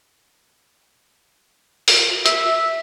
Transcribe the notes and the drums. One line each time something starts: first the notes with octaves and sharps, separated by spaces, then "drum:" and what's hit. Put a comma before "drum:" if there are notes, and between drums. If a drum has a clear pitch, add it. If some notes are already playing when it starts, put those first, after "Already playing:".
drum: open hi-hat
E5, drum: hi-hat